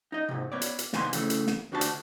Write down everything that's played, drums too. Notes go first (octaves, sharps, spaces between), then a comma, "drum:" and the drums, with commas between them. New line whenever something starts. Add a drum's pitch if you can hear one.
D#4 D#5
G#2 C3
B3 C#5 D5
drum: hi-hat
drum: hi-hat
C2 D#3 B3 G#5 B5 C6, drum: snare
C#3 E3 A3, drum: hi-hat
drum: hi-hat
drum: snare
D2 D4 F#4 G#4 A5
drum: hi-hat